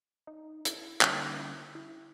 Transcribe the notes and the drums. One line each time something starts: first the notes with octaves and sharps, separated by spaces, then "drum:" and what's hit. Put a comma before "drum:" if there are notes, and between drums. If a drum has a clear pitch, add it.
D#4
E4, drum: hi-hat
D3 G3 A#3 C#4 D#4, drum: clap
E4
E4